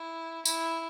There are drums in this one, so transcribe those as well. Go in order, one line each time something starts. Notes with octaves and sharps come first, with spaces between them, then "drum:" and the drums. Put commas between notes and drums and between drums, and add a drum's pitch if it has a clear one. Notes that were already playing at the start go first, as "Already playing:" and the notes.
Already playing: E4
E4, drum: tambourine